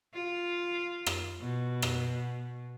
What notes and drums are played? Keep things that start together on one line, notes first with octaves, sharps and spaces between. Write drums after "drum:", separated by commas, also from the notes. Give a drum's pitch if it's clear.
F4
drum: rim click
B2
drum: rim click